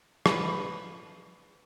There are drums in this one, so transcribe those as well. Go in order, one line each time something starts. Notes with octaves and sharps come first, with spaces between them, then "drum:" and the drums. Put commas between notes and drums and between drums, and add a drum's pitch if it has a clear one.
B4, drum: rim click